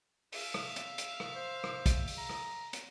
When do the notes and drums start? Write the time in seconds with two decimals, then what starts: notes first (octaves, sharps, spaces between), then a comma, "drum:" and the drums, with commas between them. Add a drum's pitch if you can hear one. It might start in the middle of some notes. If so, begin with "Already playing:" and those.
0.32 E5 F5, drum: open hi-hat
0.54 drum: rim click
0.76 drum: hi-hat
0.98 drum: hi-hat
1.20 drum: rim click
1.35 C5
1.64 drum: rim click
1.86 drum: kick, hi-hat
2.08 drum: open hi-hat
2.18 A#5
2.29 drum: rim click
2.73 drum: hi-hat